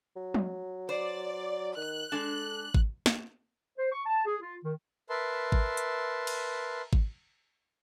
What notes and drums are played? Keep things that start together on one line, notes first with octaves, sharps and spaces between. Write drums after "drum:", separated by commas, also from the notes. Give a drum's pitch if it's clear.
F#3
drum: tom
C5 D5
D#3 F#6
G#3 D4 A4
drum: kick G#1
drum: snare
C5
C#6
A5
G#4
F4
D#3
A#4 B4 E5 A5 C6
drum: kick G#1
drum: hi-hat
drum: cymbal
drum: kick G#1